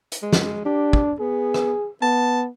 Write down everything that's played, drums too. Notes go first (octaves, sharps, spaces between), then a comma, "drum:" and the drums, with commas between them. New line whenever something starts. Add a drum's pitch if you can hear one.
drum: hi-hat
G#3
drum: snare
D4 G4
drum: kick
B3 G#4
drum: rim click
B3 A5